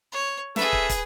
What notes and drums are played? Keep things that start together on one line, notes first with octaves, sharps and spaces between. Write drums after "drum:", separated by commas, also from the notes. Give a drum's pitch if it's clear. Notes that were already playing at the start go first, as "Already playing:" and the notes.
C#5
C#4 G#4 A4 B4 E5, drum: snare
drum: kick
drum: kick, hi-hat